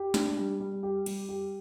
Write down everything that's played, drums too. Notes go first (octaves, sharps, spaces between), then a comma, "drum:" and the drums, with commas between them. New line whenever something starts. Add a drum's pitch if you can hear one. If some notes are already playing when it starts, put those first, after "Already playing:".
Already playing: G4
D4, drum: snare
G3
G3
G4
G3, drum: cymbal
G4